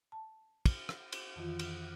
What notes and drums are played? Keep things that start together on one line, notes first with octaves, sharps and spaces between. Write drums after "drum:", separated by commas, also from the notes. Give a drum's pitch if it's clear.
A5
drum: kick, cymbal
drum: rim click
drum: cymbal
F2 D#3 E3 F4
drum: cymbal